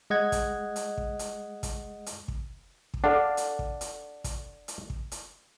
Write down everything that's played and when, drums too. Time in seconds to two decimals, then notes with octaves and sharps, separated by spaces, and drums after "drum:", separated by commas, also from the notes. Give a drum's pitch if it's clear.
0.10 G#3 D#5 F#5 G#6
0.32 drum: kick, hi-hat
0.76 drum: hi-hat
0.97 drum: kick
1.19 drum: hi-hat
1.63 drum: kick, hi-hat
2.06 drum: hi-hat
2.28 drum: kick
2.94 drum: kick
3.04 D4 A4 F5 F#5
3.37 drum: hi-hat
3.59 drum: kick
3.81 drum: hi-hat
4.24 drum: kick, hi-hat
4.68 drum: hi-hat
4.90 drum: kick
5.12 drum: hi-hat